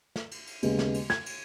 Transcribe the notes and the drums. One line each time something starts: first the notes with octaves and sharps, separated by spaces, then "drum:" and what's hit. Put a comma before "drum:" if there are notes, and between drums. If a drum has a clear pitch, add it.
drum: snare
drum: cymbal
drum: cymbal
D#2 C#3 G#3 B3, drum: cymbal
drum: snare
drum: cymbal
G#6, drum: snare
drum: cymbal